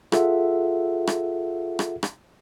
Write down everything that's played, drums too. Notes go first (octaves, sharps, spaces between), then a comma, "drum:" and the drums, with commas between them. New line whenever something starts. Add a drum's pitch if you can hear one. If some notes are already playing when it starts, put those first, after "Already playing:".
F4 G#4 A4 E5 F#5, drum: rim click
drum: rim click
drum: rim click
drum: rim click